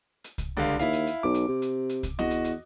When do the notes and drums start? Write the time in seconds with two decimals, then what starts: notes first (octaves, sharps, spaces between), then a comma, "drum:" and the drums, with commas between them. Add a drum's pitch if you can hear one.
0.24 drum: hi-hat
0.38 drum: kick C2, hi-hat
0.57 C#2 G2 D3 F5
0.79 D#2 E4 F5, drum: hi-hat
0.93 drum: hi-hat
1.07 drum: hi-hat
1.23 B1 D6
1.34 drum: hi-hat
1.48 C3
1.62 drum: hi-hat
1.89 drum: hi-hat
2.03 drum: kick C2, hi-hat
2.19 E2 F#4 D#5, drum: snare
2.31 drum: hi-hat
2.44 drum: hi-hat